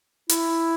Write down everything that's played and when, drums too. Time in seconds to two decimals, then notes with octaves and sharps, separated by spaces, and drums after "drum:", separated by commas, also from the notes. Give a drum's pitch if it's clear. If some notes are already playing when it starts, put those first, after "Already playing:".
0.29 E4, drum: hi-hat